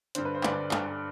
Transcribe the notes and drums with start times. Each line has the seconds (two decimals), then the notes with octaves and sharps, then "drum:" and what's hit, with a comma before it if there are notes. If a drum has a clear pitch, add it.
0.15 G2 D3 C5, drum: hi-hat
0.25 B4
0.35 C5
0.43 G2 D3 B4 D5, drum: clap
0.71 G2 D3, drum: clap